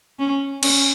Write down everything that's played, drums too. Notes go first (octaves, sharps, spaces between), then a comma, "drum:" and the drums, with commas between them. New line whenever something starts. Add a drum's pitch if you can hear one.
C#4
C#4, drum: cymbal